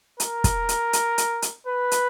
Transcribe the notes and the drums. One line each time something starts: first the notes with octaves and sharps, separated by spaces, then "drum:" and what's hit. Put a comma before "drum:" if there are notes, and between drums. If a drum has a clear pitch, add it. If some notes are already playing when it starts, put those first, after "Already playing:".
A#4, drum: hi-hat
drum: kick, hi-hat
drum: hi-hat
drum: hi-hat
drum: hi-hat
drum: hi-hat
B4
drum: hi-hat